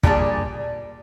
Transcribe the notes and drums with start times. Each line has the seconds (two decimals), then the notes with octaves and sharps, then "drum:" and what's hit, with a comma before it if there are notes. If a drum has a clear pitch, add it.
0.03 A#2 G3 D4 F4 G#4, drum: kick